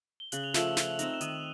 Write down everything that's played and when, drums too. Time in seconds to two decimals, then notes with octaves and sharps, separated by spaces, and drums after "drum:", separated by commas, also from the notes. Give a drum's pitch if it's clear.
0.20 G7
0.32 C#3 F#6 F#7, drum: hi-hat
0.44 F7
0.54 F3 A3 E6 E7, drum: snare
0.77 A3, drum: snare
0.99 C4 D#4, drum: hi-hat
1.14 E7
1.21 D#3 D#6 D#7, drum: hi-hat